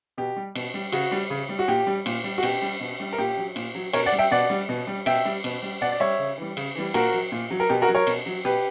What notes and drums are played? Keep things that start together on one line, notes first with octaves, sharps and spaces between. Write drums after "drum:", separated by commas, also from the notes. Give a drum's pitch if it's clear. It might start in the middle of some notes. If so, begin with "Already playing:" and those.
B2 G4
G3
B2, drum: cymbal
G3
C#3 F#4, drum: cymbal
G3
C#3
G3
F#4
A#2 G4
G3
A#2, drum: cymbal
G3
F#4
B2 G4, drum: cymbal
G3
B2
G3
A#4
A#2 G4
F#3
A#2, drum: cymbal
F#3
B2 A#4 C#5, drum: cymbal
D5 F#5
G3
E5 G5
B2 D5 F#5
G3
B2
G3
B2 E5 G5, drum: cymbal
G3
B2, drum: cymbal
G3
B2 D5 F#5
D5
G3 C#5 E5
C#3
E3 G3
C#3, drum: cymbal
E3 G3
A#2 F#4 A#4, drum: cymbal
F#3
A#2
F#3
A#4
B2 G4
F#4 A#4
F#3
A#4 C#5
B2, drum: cymbal
F#3
B2 G4 B4